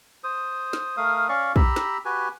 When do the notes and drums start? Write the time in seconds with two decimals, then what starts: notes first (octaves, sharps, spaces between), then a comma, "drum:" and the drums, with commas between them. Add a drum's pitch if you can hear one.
0.24 C5 D#6
0.73 drum: snare
0.97 A3 A#4 F5 D#6
1.29 C#4 D5 F5 C#6
1.56 G4 A#5 B5 E6, drum: kick
1.76 drum: snare
2.05 F#4 G4 B4 G#5